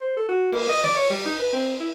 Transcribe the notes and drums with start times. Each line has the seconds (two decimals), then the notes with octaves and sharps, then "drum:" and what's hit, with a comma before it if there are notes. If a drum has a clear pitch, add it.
0.01 C5
0.17 A4
0.29 F#4
0.52 A#3, drum: cymbal
0.69 D#5
0.84 D5, drum: snare
0.96 C#5
1.10 G3
1.25 D#4
1.39 B4
1.53 C4
1.80 E4